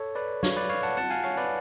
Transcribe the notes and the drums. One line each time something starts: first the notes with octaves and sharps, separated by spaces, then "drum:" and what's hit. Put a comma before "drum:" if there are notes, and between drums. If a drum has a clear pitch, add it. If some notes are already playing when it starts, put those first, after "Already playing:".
Already playing: A4 C#5
B4 D5
C#5 F5, drum: snare
B4 D5
C#5 F5
F#5 A5
F#5 A5, drum: cymbal
F5 G#5
C#5 F5
B4 D5